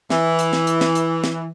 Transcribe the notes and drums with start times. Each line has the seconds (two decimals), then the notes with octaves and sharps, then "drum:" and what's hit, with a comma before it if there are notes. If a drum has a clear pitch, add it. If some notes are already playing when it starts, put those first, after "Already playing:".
0.10 E3, drum: snare
0.39 drum: hi-hat
0.53 drum: snare
0.67 drum: hi-hat
0.81 drum: snare
0.95 drum: hi-hat
1.24 drum: snare